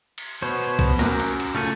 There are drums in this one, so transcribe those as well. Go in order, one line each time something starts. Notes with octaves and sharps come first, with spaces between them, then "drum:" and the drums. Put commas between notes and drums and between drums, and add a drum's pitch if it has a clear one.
drum: cymbal
B2 B3 C5 C#5
drum: kick C2, cymbal
F#2 A#4 D6, drum: snare
drum: cymbal
drum: cymbal
C#3 A3 F4 G#5